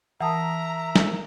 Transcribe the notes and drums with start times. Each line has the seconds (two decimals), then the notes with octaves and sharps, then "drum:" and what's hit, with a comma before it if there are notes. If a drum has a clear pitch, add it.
0.21 E3 A#4 E5 F#5 A5 A#5 D#6
0.96 drum: snare